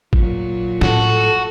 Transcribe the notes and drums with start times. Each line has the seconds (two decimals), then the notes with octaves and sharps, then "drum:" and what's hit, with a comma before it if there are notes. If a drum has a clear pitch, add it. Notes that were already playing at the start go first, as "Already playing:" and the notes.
0.13 A#2 F#3 F4, drum: kick
0.81 A2 F#4 A4, drum: snare